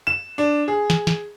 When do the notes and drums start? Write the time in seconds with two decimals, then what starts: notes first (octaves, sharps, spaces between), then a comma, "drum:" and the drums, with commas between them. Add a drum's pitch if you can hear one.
0.07 E7
0.38 D4
0.68 G#4
0.90 drum: snare
1.07 drum: snare